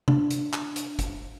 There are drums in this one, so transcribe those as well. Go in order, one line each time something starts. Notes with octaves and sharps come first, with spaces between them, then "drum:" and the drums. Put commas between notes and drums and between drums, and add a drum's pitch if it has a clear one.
D4, drum: tom C3
drum: hi-hat
drum: clap
drum: hi-hat
drum: kick, hi-hat